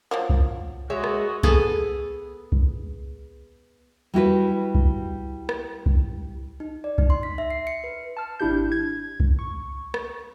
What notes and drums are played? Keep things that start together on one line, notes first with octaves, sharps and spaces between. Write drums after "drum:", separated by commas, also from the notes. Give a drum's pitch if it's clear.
F3 F#3 A#3
drum: kick C2
G#3 F#4 G#4 C#5 D#5 E5
drum: rim click
B3 G#4 A4, drum: kick C2
drum: kick C2
G3 E4 F#4 B4
drum: kick C2
drum: rim click
drum: kick C2
D#4
D5
D#4, drum: kick C2
C6
B6
E5
C7
C#7
B4
A5 F6
G#1 D4 E4 G4 G6
G#6
drum: kick C2
C#6
drum: rim click